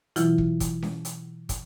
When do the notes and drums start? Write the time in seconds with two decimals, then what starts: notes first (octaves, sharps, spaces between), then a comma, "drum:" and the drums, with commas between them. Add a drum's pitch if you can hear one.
0.16 B2 E3 F#3 E4 F4, drum: hi-hat
0.38 drum: kick
0.60 drum: kick, hi-hat
0.82 drum: snare C#4
1.05 drum: hi-hat
1.49 drum: kick, hi-hat